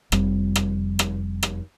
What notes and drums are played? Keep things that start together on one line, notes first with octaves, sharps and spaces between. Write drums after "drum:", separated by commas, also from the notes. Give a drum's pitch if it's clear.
F1 F2 G3, drum: rim click
drum: rim click
drum: rim click
drum: rim click